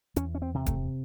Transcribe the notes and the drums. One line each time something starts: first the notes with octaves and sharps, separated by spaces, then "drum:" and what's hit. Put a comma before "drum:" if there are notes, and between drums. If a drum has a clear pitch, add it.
E2 C#4, drum: hi-hat
C#4
C4
C3
A3, drum: kick D1, hi-hat